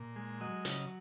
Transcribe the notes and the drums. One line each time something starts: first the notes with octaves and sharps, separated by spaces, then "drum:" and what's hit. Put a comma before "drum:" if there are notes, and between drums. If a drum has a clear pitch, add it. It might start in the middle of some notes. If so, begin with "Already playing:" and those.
Already playing: A#2
G#3
F#3 D#5
C#3, drum: hi-hat